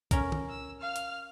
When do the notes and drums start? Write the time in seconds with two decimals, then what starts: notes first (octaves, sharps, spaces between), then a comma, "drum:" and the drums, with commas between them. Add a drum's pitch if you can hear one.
0.11 C#4 A#4, drum: kick B1, hi-hat
0.32 drum: tom
0.50 E6
0.80 F5 F6
0.96 drum: hi-hat